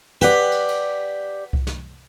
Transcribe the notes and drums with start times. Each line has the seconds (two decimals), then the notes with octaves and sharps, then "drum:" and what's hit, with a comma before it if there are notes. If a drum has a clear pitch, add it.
0.21 G4 B4 D5 F#5
0.51 drum: cymbal
0.68 drum: cymbal
1.53 drum: kick C2
1.67 drum: snare